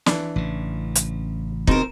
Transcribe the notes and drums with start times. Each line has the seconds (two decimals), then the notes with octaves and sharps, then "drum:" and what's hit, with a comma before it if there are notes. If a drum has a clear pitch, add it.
0.06 E3 D4, drum: snare
0.36 A1 C#3
0.96 drum: hi-hat
1.67 B2 C4 D#4 A#4, drum: kick